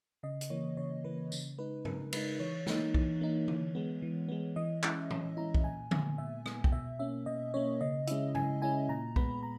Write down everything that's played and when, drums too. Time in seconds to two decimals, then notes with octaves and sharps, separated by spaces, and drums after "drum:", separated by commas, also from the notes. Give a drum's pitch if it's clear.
0.23 C#3 D#5
0.41 drum: hi-hat
0.50 E3 A#3 C#5
0.77 C#3 C#5
1.04 E3 A#3 B4
1.32 C#3, drum: tambourine
1.58 G#3 D#4 B4
1.85 C#3 A#4, drum: tom G2
2.13 G#3 D#4 B4, drum: cymbal
2.40 E3 C#5
2.66 A#3 D#4, drum: snare
2.94 E3, drum: kick
3.21 A#3 D#4
3.48 E3, drum: tom
3.75 G#3 B3
4.02 E3
4.29 G#3 B3
4.56 E3 D#5
4.83 G#3 C#4 E4 E5, drum: clap
5.10 E3, drum: tom A2
5.37 G#3 C#4 E4 A#5
5.55 drum: kick
5.64 A#2 G#5
5.91 G#3 B3 G#5, drum: tom D3
6.18 A#2 E5
6.46 G#3 B3, drum: rim click
6.64 G5, drum: kick
6.72 B2 E5
6.99 A#3 C#4 E5
7.26 B2 D#5
7.54 A#3 C#4 C#5
7.81 C#3 D#5
8.07 G#3 C#4 E4 E5, drum: hi-hat
8.35 C#3 G#5, drum: tom G2
8.62 G#3 C#4 E4 G#5
8.89 A#2 A#5
9.16 G#3 B3 B5, drum: kick
9.43 A#5